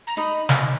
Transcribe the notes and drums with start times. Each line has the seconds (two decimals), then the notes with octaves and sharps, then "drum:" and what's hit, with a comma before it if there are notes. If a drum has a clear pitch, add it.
0.07 A#5
0.17 D#4 D#5 B5
0.49 drum: snare